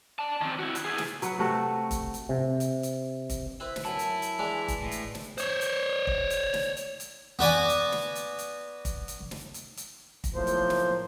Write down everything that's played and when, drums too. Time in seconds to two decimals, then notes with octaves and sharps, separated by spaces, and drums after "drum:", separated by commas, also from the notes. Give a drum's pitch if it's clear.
0.19 D5 A5
0.41 D#3 C4
0.59 E4 F#4
0.75 drum: hi-hat
0.85 E4 G#4
0.98 drum: snare
1.22 F#3 B4 F#5, drum: hi-hat
1.38 C3 A3 F#4
1.91 drum: kick, hi-hat
2.14 drum: hi-hat
2.29 C3
2.60 drum: hi-hat
2.83 drum: hi-hat
3.30 drum: kick, hi-hat
3.60 C4 E4 B4
3.76 drum: snare
3.85 F#2 E4 A5
3.99 drum: hi-hat
4.22 drum: hi-hat
4.39 E3 G#3 D4
4.68 drum: kick, hi-hat
4.82 A2
4.91 drum: hi-hat
5.15 drum: snare
5.38 C5 C#5, drum: hi-hat
5.61 drum: hi-hat
6.07 drum: kick
6.30 drum: hi-hat
6.53 drum: snare
6.77 drum: hi-hat
7.00 drum: hi-hat
7.39 B3 F#4 D5 G#5
7.69 drum: hi-hat
7.92 drum: snare
8.15 drum: hi-hat
8.39 drum: hi-hat
8.85 drum: kick, hi-hat
9.08 drum: hi-hat
9.31 drum: snare
9.54 drum: hi-hat
9.77 drum: hi-hat
10.24 drum: kick, hi-hat
10.35 B1 A2 F3 A#3 C5
10.47 drum: hi-hat
10.70 drum: snare